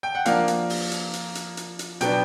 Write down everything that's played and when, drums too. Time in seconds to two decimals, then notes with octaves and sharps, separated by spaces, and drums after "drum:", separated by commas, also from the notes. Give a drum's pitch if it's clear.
0.03 G5
0.15 F#5
0.26 F3 A#3 D4 F5, drum: hi-hat
0.48 drum: hi-hat
0.70 drum: open hi-hat
0.92 drum: hi-hat
1.13 drum: hi-hat
1.35 drum: hi-hat
1.57 drum: hi-hat
1.79 drum: hi-hat
2.01 B2 F#3 B3 D4 G5, drum: hi-hat